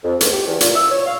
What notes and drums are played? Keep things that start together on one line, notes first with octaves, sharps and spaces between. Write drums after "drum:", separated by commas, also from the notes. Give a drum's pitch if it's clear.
F2
C#2, drum: hi-hat
G4
E2
A#2, drum: hi-hat
E6
C#5
F5